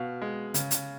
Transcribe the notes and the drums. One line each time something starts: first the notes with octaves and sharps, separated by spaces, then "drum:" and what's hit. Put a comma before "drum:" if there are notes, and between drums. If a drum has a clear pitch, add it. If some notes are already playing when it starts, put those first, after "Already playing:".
Already playing: B2 F5
G#3
C#3, drum: hi-hat
drum: hi-hat